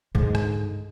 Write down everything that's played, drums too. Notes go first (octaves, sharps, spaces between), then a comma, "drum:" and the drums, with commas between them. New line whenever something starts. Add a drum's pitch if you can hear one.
G#2 D3, drum: kick
drum: rim click